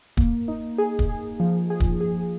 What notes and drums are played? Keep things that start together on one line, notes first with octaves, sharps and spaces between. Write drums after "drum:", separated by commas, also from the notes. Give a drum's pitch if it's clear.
A#3, drum: kick
D#4
G#4
drum: kick
G#4
F3
G#4
drum: kick
G#4